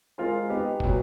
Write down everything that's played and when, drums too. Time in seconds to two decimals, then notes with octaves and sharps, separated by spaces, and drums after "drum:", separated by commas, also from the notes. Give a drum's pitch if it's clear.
0.18 G#3 C4 F4 A#4
0.50 B3 D#4 G4
0.80 A#2 F#3 B3, drum: kick